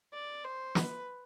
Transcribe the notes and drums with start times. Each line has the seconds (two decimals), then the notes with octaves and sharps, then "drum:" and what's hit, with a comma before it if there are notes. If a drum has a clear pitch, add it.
0.13 D5
0.44 C5
0.75 B4, drum: snare